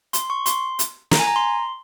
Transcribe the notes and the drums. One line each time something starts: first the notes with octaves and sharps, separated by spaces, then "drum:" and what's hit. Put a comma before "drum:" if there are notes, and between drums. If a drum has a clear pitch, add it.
C6, drum: hi-hat
C#6
C6, drum: hi-hat
drum: hi-hat
A#5, drum: snare
G#5
A#5
C6